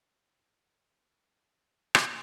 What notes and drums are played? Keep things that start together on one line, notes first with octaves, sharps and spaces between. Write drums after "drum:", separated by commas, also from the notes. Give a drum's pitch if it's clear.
D#4 G4 A4 C#5 D#5 E5
drum: rim click